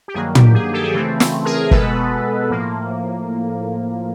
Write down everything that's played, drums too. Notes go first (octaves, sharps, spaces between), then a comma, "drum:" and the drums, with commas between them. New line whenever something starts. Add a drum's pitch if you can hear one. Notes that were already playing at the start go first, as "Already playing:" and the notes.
G4
G2 D#3 F#3 A#3 G#4
G4, drum: tom
G#4
G4 A4
G#4
C#3 E3 A3 C4 G4
drum: snare
G#4 A#4
B2 G#3 B3 A4 B4, drum: kick
A2 F3 A#3